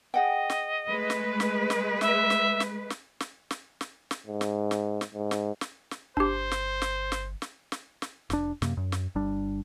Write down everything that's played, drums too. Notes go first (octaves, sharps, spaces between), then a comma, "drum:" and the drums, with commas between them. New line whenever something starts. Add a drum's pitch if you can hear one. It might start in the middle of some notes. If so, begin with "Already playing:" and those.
G#4 D#5 F#5 G5
drum: snare
G#3 A3 B4
drum: snare
drum: snare
drum: snare
E5, drum: snare
drum: snare
drum: snare
drum: snare
drum: snare
drum: snare
drum: snare
drum: snare
G#2
drum: snare
drum: snare
drum: snare
G#2
drum: snare
drum: snare
drum: snare
G1 D4 G4 C5
drum: snare
drum: snare
drum: snare
drum: snare
drum: snare
drum: snare
F1 D4, drum: snare
F#2 C3 A#3, drum: snare
F#2
drum: snare
G1 G3 D4